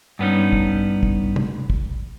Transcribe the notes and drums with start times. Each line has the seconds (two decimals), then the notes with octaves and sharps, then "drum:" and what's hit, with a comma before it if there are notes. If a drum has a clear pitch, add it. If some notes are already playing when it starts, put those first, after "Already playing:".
0.19 G2 B3 C#4 D#4
0.53 drum: kick
1.03 drum: kick
1.36 drum: tom
1.70 drum: kick